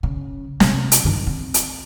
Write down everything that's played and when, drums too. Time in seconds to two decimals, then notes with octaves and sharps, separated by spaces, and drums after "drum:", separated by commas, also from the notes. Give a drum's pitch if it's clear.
0.03 C#3
0.60 C3, drum: snare
0.92 drum: hi-hat
1.04 G2 D#3
1.27 C4
1.54 drum: hi-hat